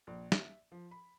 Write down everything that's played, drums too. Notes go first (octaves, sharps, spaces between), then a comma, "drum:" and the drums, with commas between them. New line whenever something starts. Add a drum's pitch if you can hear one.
A#1
E5, drum: snare
F3
B5